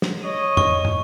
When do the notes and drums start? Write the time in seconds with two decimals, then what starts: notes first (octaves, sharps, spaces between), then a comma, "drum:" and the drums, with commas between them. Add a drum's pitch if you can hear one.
0.02 drum: snare
0.25 C#5 D#5
0.57 C#6, drum: tom F2
0.85 drum: tom